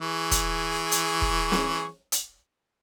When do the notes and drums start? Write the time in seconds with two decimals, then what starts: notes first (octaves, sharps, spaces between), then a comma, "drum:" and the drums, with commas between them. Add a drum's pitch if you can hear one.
0.01 E3 G#4 C#6
0.31 drum: kick, hi-hat
0.92 drum: hi-hat
1.22 drum: kick
1.52 drum: snare
2.12 drum: hi-hat